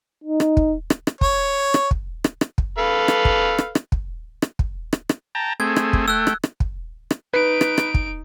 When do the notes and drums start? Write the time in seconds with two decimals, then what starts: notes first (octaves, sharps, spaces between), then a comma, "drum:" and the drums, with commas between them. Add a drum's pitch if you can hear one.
0.24 D#4
0.40 drum: rim click
0.57 drum: kick
0.90 drum: rim click
1.07 drum: rim click
1.21 C#5, drum: kick
1.74 drum: rim click
1.91 drum: kick
2.24 drum: rim click
2.41 drum: rim click
2.58 drum: kick
2.78 A4 B4 F5
3.08 drum: rim click
3.25 drum: kick
3.59 drum: rim click
3.75 drum: rim click
3.92 drum: kick
4.42 drum: rim click
4.59 drum: kick
4.93 drum: rim click
5.09 drum: rim click
5.35 G5 A5 A#5
5.60 A3 C4 G#4 G#6
5.76 drum: rim click
5.93 drum: kick
6.08 A3 G5 E6 F#6
6.27 drum: rim click
6.44 drum: rim click
6.60 drum: kick
7.11 drum: rim click
7.34 D#4 B4 D7
7.61 drum: rim click
7.78 drum: rim click
7.94 drum: kick